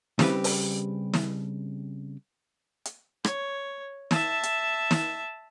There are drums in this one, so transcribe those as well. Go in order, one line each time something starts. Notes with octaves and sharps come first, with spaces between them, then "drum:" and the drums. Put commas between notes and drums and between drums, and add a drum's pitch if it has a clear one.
C#3 G3 C4 G4 B4, drum: snare
drum: open hi-hat
drum: snare
drum: hi-hat
C#5, drum: rim click
E5 A5, drum: snare
drum: hi-hat
drum: snare